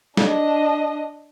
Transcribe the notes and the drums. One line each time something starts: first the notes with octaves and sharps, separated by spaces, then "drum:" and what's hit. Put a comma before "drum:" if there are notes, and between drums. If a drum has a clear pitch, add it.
D4 D#5, drum: snare